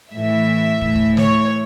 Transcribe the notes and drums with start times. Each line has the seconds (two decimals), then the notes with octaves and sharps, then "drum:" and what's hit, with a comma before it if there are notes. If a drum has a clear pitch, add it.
0.12 A2 E5
0.17 E3
0.81 A2 E3, drum: kick
0.96 drum: kick
1.17 C#5, drum: snare